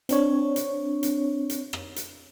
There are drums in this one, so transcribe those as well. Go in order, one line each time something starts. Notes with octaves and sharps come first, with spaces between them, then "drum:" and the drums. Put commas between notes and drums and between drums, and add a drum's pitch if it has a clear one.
C4 D4 C#5, drum: hi-hat
drum: hi-hat
drum: hi-hat
drum: hi-hat
drum: rim click
drum: hi-hat